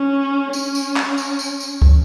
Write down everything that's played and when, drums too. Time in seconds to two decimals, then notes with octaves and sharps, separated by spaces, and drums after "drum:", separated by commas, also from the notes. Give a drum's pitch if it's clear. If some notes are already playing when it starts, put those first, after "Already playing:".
Already playing: C#4
0.53 C#4, drum: tambourine
0.75 drum: tambourine
0.96 drum: clap
1.18 drum: tambourine
1.39 drum: tambourine
1.60 drum: tambourine
1.82 drum: kick C#2